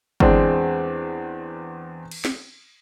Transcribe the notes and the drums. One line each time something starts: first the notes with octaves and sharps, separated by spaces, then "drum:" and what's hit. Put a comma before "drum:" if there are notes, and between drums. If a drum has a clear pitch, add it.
E2 G#3 C4 D4, drum: kick G1
drum: cymbal
drum: snare